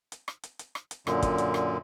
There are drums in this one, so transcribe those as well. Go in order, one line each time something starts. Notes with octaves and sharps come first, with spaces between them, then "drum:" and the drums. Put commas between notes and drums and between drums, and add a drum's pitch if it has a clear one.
drum: hi-hat
drum: rim click
drum: hi-hat
drum: hi-hat
drum: rim click
drum: hi-hat
F#2 A#2 D3, drum: rim click
drum: kick, hi-hat
drum: hi-hat
drum: rim click